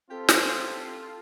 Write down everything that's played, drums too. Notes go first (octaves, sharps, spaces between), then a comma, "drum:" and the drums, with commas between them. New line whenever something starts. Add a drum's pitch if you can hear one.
C4 F4 G4 A4
drum: snare